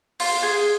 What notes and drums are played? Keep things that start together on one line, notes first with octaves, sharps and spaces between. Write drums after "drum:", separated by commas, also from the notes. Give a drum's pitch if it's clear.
F4, drum: open hi-hat
G#4